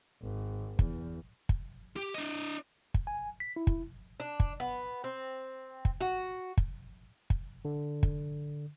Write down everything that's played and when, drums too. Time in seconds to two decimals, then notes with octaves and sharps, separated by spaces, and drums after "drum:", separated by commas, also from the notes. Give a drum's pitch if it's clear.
0.22 G#1
0.79 E2, drum: kick
1.49 drum: kick
1.96 G4
2.14 D4 D#5
2.94 drum: kick
3.07 G#5
3.40 B6
3.56 E4
3.67 drum: kick
4.20 D4
4.40 drum: kick
4.60 B3
5.04 C4
5.85 drum: kick
6.01 F#4
6.57 drum: kick
7.30 drum: kick
7.65 D3
8.03 drum: kick